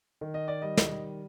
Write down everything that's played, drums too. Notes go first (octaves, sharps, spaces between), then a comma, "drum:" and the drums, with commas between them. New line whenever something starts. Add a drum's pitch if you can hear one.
D#3
D#5
D5
G3 D#5
drum: snare